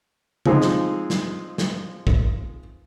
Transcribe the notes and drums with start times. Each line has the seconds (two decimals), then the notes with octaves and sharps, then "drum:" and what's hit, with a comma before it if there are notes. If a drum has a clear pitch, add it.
0.46 F3 G#3 C4 D#4, drum: tom C#3
0.62 drum: snare
1.10 drum: snare
1.58 drum: snare
2.07 drum: kick